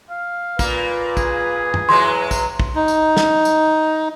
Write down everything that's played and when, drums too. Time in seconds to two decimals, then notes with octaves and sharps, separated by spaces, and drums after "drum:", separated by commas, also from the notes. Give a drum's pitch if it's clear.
0.10 F5
0.59 A#2 A#3 F4 B4, drum: kick, tambourine
1.17 G#4, drum: kick, tambourine
1.74 drum: tom F#2
1.89 E3 F#3 G#3 C6
2.31 drum: kick, tambourine
2.60 drum: kick
2.75 D#4
2.88 drum: tambourine
3.17 drum: snare
3.45 drum: tambourine